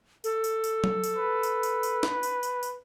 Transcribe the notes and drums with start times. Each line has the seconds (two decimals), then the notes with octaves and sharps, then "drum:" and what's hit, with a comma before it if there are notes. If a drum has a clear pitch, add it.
0.24 A4, drum: tambourine
0.44 drum: tambourine
0.64 drum: tambourine
0.84 drum: tom F#3
1.04 drum: tambourine
1.16 B4
1.43 drum: tambourine
1.63 drum: tambourine
1.83 drum: tambourine
2.03 drum: snare
2.23 drum: tambourine
2.43 drum: tambourine
2.63 drum: tambourine